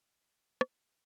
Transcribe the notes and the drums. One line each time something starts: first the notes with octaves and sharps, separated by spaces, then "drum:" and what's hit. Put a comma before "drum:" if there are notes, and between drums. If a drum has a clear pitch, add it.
D5
drum: rim click